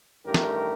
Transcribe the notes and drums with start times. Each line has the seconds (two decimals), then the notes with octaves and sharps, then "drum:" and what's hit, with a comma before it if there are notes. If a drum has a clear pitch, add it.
0.25 A1 G2 D#3 A3 G4 A#4
0.34 drum: snare